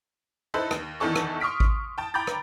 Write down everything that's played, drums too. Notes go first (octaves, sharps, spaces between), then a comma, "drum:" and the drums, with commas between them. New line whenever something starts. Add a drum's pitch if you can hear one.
D#4 E4 A4 B4 C5
D#2, drum: rim click
E2 D#3 E3 D4 A4 C#6
drum: rim click
C6 C#6 D#6 F6 B6 D7
drum: kick G#1
G5 A5
G5 A#5 B5 D6 G6 A6
drum: rim click